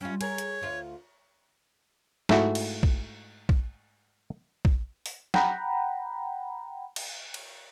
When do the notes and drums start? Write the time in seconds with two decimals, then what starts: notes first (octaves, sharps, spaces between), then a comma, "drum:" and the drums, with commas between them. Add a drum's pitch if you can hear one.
0.01 G3 C#4 F4
0.21 G#4 A#4 C#5, drum: cymbal
0.38 drum: hi-hat
0.61 D2 F4 F5
2.29 G#2 A3 E4 F#4, drum: snare
2.55 drum: cymbal
2.83 drum: kick
3.49 drum: kick
4.65 drum: kick
5.06 drum: open hi-hat
5.34 F#5 G5 A#5 B5, drum: snare
6.96 drum: cymbal
7.34 drum: cymbal